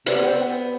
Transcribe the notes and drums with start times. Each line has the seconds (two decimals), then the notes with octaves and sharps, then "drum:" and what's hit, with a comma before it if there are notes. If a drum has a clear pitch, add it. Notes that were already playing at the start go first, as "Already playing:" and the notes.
0.06 C3 G4 B4 D5, drum: hi-hat
0.16 B3
0.26 C4
0.35 B3